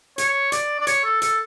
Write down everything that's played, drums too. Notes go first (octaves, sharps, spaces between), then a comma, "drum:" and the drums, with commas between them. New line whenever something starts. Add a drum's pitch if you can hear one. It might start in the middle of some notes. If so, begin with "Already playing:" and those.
C#5, drum: hi-hat
D5, drum: hi-hat
D5
C#5, drum: hi-hat
A4
A4, drum: hi-hat